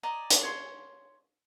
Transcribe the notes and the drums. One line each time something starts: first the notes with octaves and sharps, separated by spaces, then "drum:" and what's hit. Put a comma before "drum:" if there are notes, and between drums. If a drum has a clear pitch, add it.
D5 D#5 G#5 A#5
drum: hi-hat
C#5 C6